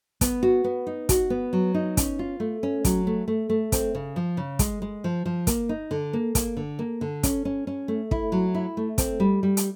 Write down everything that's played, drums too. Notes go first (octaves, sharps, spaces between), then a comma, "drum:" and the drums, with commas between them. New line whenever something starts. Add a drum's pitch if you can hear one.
B3, drum: kick, hi-hat
F#4
B3
D#4
F#4, drum: kick, hi-hat
B3
F#3
D#4
C#4, drum: kick, hi-hat
F4
A3
C#4
F#3, drum: kick, hi-hat
A3
A3
A3
C4, drum: kick, hi-hat
C#3
F3
C#3
G#3, drum: kick, hi-hat
G#3
F3
F3
A#3, drum: kick, hi-hat
D#4
D3
A#3
A#3, drum: kick, hi-hat
D3
A#3
D3
C#4, drum: kick, hi-hat
C#4
C#4
A3
E4, drum: kick
F#3
E4
A3
C4, drum: kick, hi-hat
G3
G3
drum: hi-hat